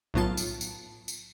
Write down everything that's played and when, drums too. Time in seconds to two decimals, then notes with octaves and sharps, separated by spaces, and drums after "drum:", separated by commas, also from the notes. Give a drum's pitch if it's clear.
0.14 B1 A2 F#3 B3 F4 A5
0.37 drum: tambourine
0.61 drum: tambourine
1.08 drum: tambourine